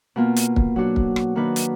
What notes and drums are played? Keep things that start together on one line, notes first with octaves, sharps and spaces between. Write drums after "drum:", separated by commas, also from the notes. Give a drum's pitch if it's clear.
B2 A#3 F4
drum: hi-hat
drum: kick
F#3 D4 F#4
drum: kick
drum: rim click
D#3 A#3 D4 F#4 B4
drum: hi-hat